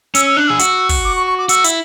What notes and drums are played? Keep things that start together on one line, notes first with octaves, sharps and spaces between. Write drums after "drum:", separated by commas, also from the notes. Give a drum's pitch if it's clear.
C#4 E6, drum: hi-hat
E6
D4 F#6
G#4 E6
F#4, drum: hi-hat
drum: kick, open hi-hat
D6
C#6
C#6
D6
F#4 E6, drum: hi-hat
E4, drum: hi-hat